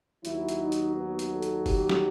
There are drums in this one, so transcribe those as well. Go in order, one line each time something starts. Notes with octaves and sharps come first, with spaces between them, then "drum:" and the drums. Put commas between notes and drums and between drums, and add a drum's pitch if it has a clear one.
D#2 D#3 F#3 E4, drum: hi-hat
drum: hi-hat
D#4
drum: hi-hat
B3
drum: hi-hat
A4
drum: hi-hat
G4, drum: kick F#1, open hi-hat
drum: snare